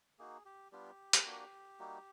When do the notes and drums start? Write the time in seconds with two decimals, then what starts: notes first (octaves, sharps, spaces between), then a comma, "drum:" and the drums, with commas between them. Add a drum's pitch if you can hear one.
0.19 A#3 D#4 F#4 G#4
0.45 G4
0.72 G3 B3 D4 F4 G4
1.13 drum: hi-hat
1.26 A#3 D4 F#4
1.79 G3 A#3 D#4 F#4